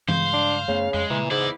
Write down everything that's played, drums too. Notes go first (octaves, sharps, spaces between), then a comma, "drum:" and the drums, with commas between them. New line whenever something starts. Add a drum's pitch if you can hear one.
G2 C#3 G#3 C5 F5, drum: tom E3
D4
F#2 C#3 A3 B3
F2 G#3
A#2 C#3 E3
G#2 B3 E4 D5